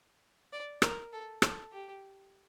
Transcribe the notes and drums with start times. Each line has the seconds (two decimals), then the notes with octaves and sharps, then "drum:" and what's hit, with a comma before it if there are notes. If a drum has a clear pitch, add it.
0.52 D5
0.82 A#4, drum: rim click
1.13 A4
1.42 A4, drum: rim click
1.72 G4